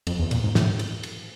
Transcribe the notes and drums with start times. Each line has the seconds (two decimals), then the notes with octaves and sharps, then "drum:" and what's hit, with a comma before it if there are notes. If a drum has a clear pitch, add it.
0.07 F2, drum: cymbal
0.19 E2
0.31 A#2, drum: cymbal
0.44 G#2
0.55 A2, drum: snare
0.79 drum: cymbal
1.03 drum: cymbal